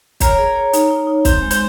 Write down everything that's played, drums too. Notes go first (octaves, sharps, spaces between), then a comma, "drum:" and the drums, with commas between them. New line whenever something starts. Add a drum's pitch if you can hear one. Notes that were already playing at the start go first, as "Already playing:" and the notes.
A#4 C#5, drum: kick, hi-hat
G#4
C#5
D#4, drum: hi-hat
D#4
D#4
C4 C5, drum: kick, hi-hat
G#3
C5, drum: hi-hat